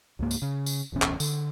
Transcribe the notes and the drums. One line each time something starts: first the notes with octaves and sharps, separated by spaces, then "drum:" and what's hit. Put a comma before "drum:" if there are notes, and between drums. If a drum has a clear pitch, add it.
C#2 G#2 A#3
drum: tambourine
C#3
drum: tambourine
D1 B1 E2 C#4
drum: clap
D3, drum: tambourine